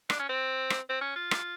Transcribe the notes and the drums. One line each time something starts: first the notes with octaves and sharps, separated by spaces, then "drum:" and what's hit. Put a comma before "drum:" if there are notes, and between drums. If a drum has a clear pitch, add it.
D4, drum: rim click
C#4
C4
drum: rim click
C4
C#4
F4
drum: rim click